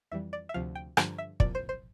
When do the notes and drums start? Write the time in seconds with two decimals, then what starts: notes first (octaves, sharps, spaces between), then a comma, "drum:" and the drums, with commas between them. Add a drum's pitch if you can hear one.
0.11 F2 E3 G3 E5
0.33 D5
0.49 E5
0.54 D2 C3 F3 F5
0.75 G5
0.97 G2 D3 F3, drum: rim click
1.18 E5
1.40 C2 A#2 F3 D5, drum: kick
1.55 C5
1.69 C5